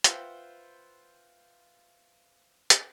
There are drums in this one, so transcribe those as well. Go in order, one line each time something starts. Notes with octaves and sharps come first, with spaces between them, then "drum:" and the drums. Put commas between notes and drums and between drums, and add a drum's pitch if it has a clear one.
F4 B4 C5 E5 F#5 G5, drum: hi-hat
drum: hi-hat